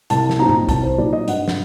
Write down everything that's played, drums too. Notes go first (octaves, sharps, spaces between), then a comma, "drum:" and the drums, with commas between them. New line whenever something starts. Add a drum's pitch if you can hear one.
C2 A5, drum: hi-hat
drum: snare
A#2 F#3 C4 D#4 A#5
drum: tom G2
C2 A5, drum: kick, hi-hat
C5
A#2 F#3 C4 D#4 D5
D#5
G2 F#5, drum: hi-hat
drum: snare